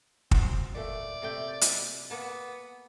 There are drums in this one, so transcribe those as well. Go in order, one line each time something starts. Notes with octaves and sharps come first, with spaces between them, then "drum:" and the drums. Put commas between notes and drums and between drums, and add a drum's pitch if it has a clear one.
C4 F#4, drum: kick
A#2 A3 D5
C3 A3 G5
drum: hi-hat
A#3 B3 A5